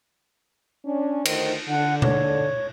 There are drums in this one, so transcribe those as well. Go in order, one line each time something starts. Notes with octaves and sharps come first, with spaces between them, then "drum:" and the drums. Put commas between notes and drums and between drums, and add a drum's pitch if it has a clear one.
C#4 D4
D2 D#3 C5, drum: cymbal
D3 F#5
C#5, drum: tom B2